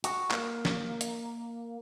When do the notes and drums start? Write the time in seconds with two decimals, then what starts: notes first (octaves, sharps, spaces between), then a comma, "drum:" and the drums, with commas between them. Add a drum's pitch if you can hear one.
0.04 F#4, drum: hi-hat
0.31 A#3, drum: clap
0.65 drum: snare
1.01 drum: hi-hat